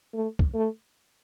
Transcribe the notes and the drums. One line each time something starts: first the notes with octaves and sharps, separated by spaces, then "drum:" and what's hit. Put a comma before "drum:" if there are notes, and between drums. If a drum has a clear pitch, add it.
A3
drum: kick
A3